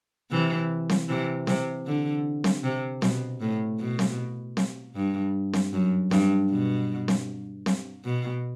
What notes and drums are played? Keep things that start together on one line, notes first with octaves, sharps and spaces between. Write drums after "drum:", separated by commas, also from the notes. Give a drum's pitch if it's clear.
C3 E3
drum: snare C4
C3 E3
C3, drum: snare C4
D3
drum: snare C4
C3
B2, drum: snare C4
A2
B2
drum: snare C4
drum: snare C4
G2
drum: snare C4
F#2
G2, drum: snare C4
B2
drum: snare C4
drum: snare C4
B2